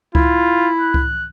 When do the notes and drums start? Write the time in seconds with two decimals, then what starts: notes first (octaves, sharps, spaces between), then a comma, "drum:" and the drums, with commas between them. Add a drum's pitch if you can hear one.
0.15 E4 F4, drum: kick C#2
0.81 F#6
0.94 drum: kick C#2